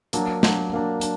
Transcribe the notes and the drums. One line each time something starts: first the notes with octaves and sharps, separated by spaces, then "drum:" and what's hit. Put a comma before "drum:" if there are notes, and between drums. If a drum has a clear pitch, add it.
F#3 A#3 D4, drum: hi-hat
F#3 A#3 D4, drum: snare
F#3 A#3 D4
D4, drum: hi-hat